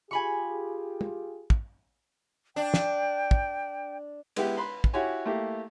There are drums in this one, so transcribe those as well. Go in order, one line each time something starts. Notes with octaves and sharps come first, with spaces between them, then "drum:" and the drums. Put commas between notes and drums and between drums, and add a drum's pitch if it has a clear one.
F4 G4 G#4 G#5 B5 C#6
drum: tom
drum: kick
D4 G5
drum: snare
drum: kick
G#3 B3 E4 G4, drum: cymbal
B4 B5 C6
drum: kick
E4 F#4 G4 C#5 G#5
A3 A#3 E4 G4